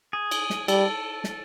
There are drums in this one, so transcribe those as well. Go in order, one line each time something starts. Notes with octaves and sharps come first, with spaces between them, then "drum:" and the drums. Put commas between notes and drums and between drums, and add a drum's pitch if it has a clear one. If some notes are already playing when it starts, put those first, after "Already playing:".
G#4
drum: cymbal
drum: snare
G3 A4, drum: cymbal
drum: snare